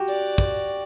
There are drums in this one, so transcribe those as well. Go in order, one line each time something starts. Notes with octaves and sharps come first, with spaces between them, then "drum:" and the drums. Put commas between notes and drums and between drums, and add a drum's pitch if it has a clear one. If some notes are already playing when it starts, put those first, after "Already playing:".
Already playing: F#4 G4
D5
drum: kick